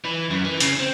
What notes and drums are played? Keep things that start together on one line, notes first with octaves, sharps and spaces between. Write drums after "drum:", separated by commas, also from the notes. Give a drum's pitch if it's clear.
E3
F#2
E3
C#3, drum: hi-hat
C4